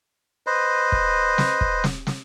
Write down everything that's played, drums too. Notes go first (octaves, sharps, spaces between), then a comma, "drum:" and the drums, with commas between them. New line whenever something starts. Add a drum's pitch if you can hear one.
B4 C5 D#5
drum: kick
drum: snare
drum: kick
drum: snare
drum: snare